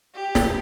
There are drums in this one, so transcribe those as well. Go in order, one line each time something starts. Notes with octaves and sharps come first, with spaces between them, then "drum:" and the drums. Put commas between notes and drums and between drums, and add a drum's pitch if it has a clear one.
G4
drum: snare